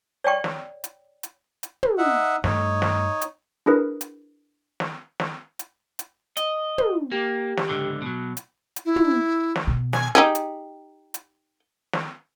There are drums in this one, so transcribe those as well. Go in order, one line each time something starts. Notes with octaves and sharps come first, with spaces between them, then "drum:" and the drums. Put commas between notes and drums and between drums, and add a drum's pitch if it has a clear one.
C#5 D5 G5 C#6
drum: snare
drum: hi-hat
drum: hi-hat
drum: hi-hat
drum: tom
D#4 E5 F#5
G2 A3 D#4 C#5, drum: snare
drum: snare
drum: hi-hat
D4 E4 G#4 A#4 B4
drum: hi-hat
drum: snare
drum: snare
drum: hi-hat
drum: hi-hat
D#5, drum: hi-hat
drum: tom
A#3 G4
drum: snare
C#2 G#2 D3
B2 F#3
drum: hi-hat
drum: hi-hat
E4
drum: tom
drum: snare
B2
G#5, drum: snare
D#4 G4 G#4
drum: hi-hat
drum: hi-hat
drum: snare